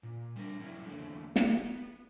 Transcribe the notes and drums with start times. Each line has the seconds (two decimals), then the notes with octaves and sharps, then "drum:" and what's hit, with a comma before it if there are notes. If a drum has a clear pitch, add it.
0.03 A#2
0.36 G3 D4 A#4
0.60 F#3 C#4 E4
0.85 E2 D3 F#3 A3 A#3
1.36 B3, drum: snare